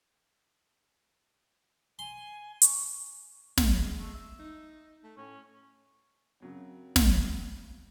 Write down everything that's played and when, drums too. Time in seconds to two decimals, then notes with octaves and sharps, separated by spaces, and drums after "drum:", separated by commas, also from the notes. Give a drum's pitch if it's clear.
1.99 G#5 C6
2.62 C#6, drum: hi-hat
3.58 G#3, drum: snare
3.99 A3
4.14 E5
4.39 D#4
5.04 A3
5.17 A2 C#4
6.42 F#2 C#3 F#3 C4
6.96 drum: snare